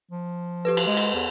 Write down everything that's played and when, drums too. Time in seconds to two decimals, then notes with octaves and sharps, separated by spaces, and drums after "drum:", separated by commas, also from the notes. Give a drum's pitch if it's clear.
0.11 F3
0.65 G4 A4 B4
0.77 drum: cymbal
0.87 G#3
0.97 drum: cymbal
1.14 E2